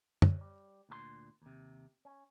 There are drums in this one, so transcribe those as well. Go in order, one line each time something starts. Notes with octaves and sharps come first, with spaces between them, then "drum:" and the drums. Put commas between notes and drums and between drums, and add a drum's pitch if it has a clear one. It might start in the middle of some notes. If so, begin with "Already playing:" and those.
C3, drum: tom
G3
D2 A#2 A4 C6
D#2 C3
C#4